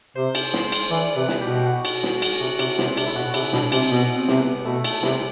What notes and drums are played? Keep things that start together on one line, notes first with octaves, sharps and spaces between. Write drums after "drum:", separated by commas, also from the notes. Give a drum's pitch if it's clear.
C3 C5
drum: cymbal
drum: snare
drum: cymbal
E3 D5
C3 B4
drum: snare
B2 G4
F#4
drum: cymbal
drum: snare
drum: cymbal
C3
C3, drum: cymbal
C3, drum: snare
C4
C3 D4, drum: cymbal
E4
B2 F#4
C3 E4, drum: cymbal
B2 D4, drum: snare
C3 C4, drum: cymbal
B2 B3
C4
C3, drum: snare
B3
B2 A3
drum: cymbal
C3 B3, drum: snare
C4